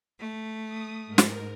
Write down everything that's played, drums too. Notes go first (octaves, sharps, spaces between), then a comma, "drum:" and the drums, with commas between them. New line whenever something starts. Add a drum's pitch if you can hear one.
A3
D#6
G#2 A#4
drum: snare